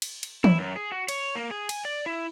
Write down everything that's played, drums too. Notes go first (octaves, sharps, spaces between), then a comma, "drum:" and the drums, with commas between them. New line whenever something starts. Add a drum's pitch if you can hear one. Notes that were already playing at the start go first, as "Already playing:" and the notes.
drum: cymbal
drum: cymbal
E4, drum: tom
F#2
G#4
F#4
C#5, drum: cymbal
A#3
G#4
G#5, drum: cymbal
D5
E4